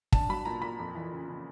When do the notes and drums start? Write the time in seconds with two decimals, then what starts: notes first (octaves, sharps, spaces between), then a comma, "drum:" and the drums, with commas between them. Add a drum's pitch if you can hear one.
0.12 D4 A5, drum: kick
0.29 F#3 B5
0.45 A#2 A#5
0.62 A#2 B5
0.79 F2
0.95 E3
1.12 C#3
1.28 C#3